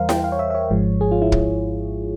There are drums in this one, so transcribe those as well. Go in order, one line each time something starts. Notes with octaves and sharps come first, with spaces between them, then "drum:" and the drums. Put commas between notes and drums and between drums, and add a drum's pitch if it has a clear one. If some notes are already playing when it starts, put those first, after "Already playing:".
Already playing: E2 E3 G3 A#4 C5 F5
G5, drum: snare E4
F5
C#5
E5
E5
C#5
G#1 G#2 F3 G#3
G#4
F4
E4
drum: kick